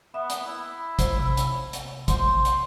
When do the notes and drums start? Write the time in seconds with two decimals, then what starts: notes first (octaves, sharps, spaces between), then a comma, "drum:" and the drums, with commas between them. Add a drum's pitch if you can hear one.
0.14 B3 E5
0.30 drum: hi-hat
0.46 E4
0.99 C5, drum: kick, hi-hat
1.19 C3
1.37 drum: hi-hat
1.73 drum: hi-hat
2.08 C5, drum: kick, hi-hat
2.45 drum: hi-hat